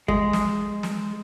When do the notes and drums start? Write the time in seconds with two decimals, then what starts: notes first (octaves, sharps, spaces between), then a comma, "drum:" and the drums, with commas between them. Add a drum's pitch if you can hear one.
0.08 G#3, drum: kick
0.33 drum: snare
0.83 drum: snare